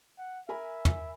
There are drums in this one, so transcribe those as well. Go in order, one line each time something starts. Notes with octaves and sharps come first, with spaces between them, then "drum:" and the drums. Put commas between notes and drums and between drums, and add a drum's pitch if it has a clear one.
F#5
A#4 E5 G#5 B5
drum: tom